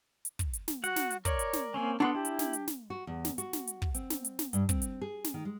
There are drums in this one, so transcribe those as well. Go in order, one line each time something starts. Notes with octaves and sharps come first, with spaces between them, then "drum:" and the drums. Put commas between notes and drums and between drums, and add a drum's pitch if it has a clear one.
drum: hi-hat
drum: kick, hi-hat
drum: hi-hat
drum: snare
F#4 F#5, drum: hi-hat
drum: snare
drum: hi-hat
A#4 C#5 D5, drum: kick, hi-hat
drum: hi-hat
drum: snare
A#3 C4 C#4 G#5
B3 D4 A4 F#5 C6
E4 G4
drum: hi-hat
drum: snare
drum: hi-hat
drum: snare
F#4
E2
drum: snare
F#4, drum: hi-hat
drum: snare
drum: hi-hat
drum: kick
C4, drum: hi-hat
drum: snare
drum: hi-hat
drum: snare
G2, drum: hi-hat
C4, drum: kick, hi-hat
drum: hi-hat
G#4
drum: snare
D#3
G#3